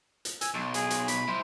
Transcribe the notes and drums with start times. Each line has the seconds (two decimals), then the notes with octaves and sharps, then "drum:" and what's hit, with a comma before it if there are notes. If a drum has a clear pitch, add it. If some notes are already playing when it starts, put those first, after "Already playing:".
0.25 drum: hi-hat
0.41 G#5 E6, drum: hi-hat
0.54 B1 A5
0.74 G#4, drum: hi-hat
0.90 drum: hi-hat
1.08 B5, drum: hi-hat
1.28 E4 C5